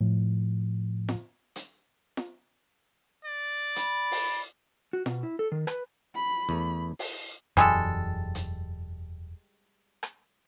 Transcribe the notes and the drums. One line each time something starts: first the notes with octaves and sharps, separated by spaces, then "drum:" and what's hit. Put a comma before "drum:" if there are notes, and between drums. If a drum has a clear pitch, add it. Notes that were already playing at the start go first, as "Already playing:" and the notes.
A2 F3
drum: snare F4
drum: hi-hat
drum: snare F4
D5
B5, drum: hi-hat
drum: open hi-hat
F#4
B2, drum: snare F4
E4
A4
D#3
B4, drum: rim click
B5
E2 A3
drum: open hi-hat
E1 F#2 E3 G3 G#3 A4 G#5
drum: hi-hat
drum: rim click